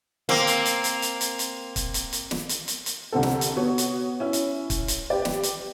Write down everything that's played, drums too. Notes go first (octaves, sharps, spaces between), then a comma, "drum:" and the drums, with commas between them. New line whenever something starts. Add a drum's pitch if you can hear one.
A#3 C4, drum: snare
drum: hi-hat
drum: hi-hat
drum: hi-hat
drum: hi-hat
drum: hi-hat
drum: hi-hat
drum: kick, hi-hat
drum: hi-hat
drum: hi-hat
drum: snare
drum: hi-hat
drum: hi-hat
drum: hi-hat
C2 D3 C4 A4
drum: snare
drum: hi-hat
B3 F#4 C#5
drum: hi-hat
C#4 E4
drum: hi-hat
drum: kick, hi-hat
drum: hi-hat
G4 B4 D5
drum: snare
drum: hi-hat